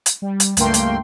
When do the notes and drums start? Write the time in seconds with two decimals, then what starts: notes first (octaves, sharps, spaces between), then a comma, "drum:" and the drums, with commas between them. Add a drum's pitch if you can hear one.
0.06 drum: hi-hat
0.22 G3
0.40 drum: hi-hat
0.57 C#2 G2 A3 A#3 G5 C6, drum: hi-hat
0.74 drum: hi-hat